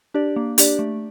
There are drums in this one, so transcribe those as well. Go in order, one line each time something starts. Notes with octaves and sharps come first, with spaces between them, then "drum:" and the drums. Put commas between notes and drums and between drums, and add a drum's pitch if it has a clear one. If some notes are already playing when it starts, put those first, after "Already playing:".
D4 G4 D5
A#3
D4 G4 D5, drum: hi-hat
A3